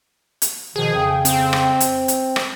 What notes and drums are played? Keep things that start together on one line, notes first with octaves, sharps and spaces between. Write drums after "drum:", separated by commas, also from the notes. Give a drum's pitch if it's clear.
drum: hi-hat
B2 D#3 F3 G#4
F2 C#3 G5
C4, drum: hi-hat
drum: rim click
drum: hi-hat
drum: hi-hat
drum: rim click